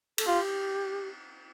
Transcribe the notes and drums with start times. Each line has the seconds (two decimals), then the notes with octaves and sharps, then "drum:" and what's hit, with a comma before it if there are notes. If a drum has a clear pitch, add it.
0.18 A4, drum: cymbal
0.27 F4 G4